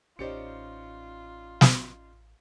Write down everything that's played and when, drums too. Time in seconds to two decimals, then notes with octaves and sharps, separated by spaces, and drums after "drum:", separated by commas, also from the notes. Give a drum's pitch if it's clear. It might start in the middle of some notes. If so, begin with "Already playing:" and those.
0.19 A1 C#4 D#4 F4 G4 C5 D5 C#7
1.61 drum: snare